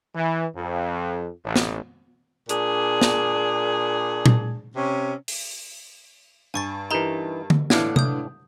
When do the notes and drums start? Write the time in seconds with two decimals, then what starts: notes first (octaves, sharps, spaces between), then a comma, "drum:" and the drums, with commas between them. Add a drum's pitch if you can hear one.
0.15 E3
0.56 F2
1.44 A1
1.56 drum: snare
2.49 A#2 D4 G#4, drum: hi-hat
3.02 drum: snare
4.26 drum: tom A#2
4.76 C3 C#4
5.28 drum: open hi-hat
6.54 G2 G#5 C#6 A6
6.91 E3 D#4 G4 A#4 A#5
7.50 drum: tom D3
7.70 A2 D3 E3 D4 F5 G#6 D7, drum: snare
7.96 D#6 G6, drum: tom C3